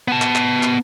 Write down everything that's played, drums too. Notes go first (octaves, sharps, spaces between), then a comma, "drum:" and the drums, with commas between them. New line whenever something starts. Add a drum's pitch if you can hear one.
B3 A5
drum: clap
drum: clap
drum: clap